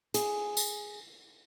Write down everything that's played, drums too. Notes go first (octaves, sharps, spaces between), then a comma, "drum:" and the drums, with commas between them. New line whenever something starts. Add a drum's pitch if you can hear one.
G#4, drum: hi-hat
drum: tambourine